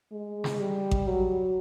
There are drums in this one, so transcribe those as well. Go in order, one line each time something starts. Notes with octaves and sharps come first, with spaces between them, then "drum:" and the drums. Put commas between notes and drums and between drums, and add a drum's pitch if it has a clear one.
G#3
drum: snare
G3
drum: kick A1
F#3